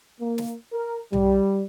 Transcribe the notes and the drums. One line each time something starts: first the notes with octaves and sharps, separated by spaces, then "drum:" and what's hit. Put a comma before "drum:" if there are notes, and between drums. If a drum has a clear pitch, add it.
A#3
drum: snare
A#4
G3, drum: tom B1